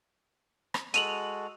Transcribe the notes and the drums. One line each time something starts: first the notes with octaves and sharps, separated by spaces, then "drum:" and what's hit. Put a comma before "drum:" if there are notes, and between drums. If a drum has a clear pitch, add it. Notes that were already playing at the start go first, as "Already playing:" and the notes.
drum: rim click
G#3 F#4 A4 D#7 F7 F#7, drum: hi-hat